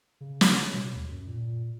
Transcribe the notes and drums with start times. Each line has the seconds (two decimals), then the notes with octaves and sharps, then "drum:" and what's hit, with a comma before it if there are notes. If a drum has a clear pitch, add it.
0.21 C#3
0.41 drum: snare
0.73 B2
0.96 D#2
1.11 F#2
1.27 A#2